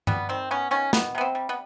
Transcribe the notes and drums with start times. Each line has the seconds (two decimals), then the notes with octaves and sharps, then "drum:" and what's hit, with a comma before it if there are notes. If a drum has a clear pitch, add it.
0.07 G3 B3, drum: tom G2
0.29 D#3 C4
0.51 B3 C#4
0.71 D#3 C#4
0.93 D#3 B3, drum: snare
1.15 C3 B3
1.21 C4
1.35 G3
1.49 B3